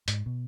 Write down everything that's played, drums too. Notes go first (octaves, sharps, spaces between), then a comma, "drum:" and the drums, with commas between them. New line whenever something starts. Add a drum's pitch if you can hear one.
G#2, drum: hi-hat
B2